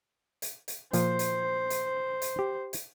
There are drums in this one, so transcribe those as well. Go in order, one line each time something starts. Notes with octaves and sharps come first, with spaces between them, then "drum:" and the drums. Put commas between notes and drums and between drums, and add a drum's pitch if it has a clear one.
drum: hi-hat
drum: hi-hat
A#2 F3 C5, drum: hi-hat
drum: hi-hat
drum: hi-hat
drum: hi-hat
G4
drum: hi-hat